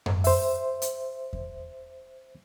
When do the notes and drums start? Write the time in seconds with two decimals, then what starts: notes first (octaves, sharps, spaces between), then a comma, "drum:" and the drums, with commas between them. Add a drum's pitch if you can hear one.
0.06 drum: tom F#2
0.24 C5 E5, drum: open hi-hat
0.82 drum: hi-hat
1.33 drum: kick E2